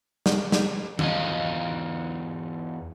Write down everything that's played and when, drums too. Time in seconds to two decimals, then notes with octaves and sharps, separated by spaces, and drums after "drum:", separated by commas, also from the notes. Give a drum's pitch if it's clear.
0.26 drum: snare
0.52 drum: snare
0.99 E2 F4 D#5, drum: tom D#3